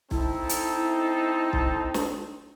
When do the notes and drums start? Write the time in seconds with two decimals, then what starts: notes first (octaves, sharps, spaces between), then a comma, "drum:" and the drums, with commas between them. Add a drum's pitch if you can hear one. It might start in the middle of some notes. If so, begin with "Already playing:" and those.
0.11 C4 D#4 E4 A4, drum: kick
0.49 drum: hi-hat
1.53 drum: kick
1.94 drum: snare